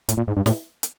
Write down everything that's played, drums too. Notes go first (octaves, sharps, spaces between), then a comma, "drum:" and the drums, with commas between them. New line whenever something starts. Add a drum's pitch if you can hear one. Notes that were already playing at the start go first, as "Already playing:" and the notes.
A2, drum: hi-hat
A#2
G#2
G2
A2, drum: snare
drum: hi-hat